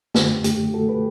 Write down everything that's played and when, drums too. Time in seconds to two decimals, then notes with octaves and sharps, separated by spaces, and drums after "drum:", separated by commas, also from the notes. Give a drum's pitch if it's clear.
0.14 F#2 D3 A3 G4, drum: snare
0.44 F#2 D3 A3 G4, drum: hi-hat
0.73 F#2 D3 A3 F#4 A4
0.89 G4 B4